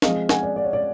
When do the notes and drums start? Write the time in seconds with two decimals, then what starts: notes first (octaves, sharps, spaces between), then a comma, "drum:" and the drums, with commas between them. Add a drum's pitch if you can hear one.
0.02 F3 G#3 C4 D#5 F5, drum: snare
0.29 F#5 G#5, drum: snare
0.43 D5
0.56 D5
0.65 C#5
0.73 D5